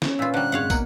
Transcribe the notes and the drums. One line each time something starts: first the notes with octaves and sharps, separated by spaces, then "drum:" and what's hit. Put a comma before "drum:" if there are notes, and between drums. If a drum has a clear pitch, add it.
C#4, drum: snare
A#2 F4 B4 E6 B6
D3 G3 C5 A#5 F#6
G#1 F#2 G#3 C#5 F5 F#5
B2 A#3 F#5 A#5, drum: kick, tambourine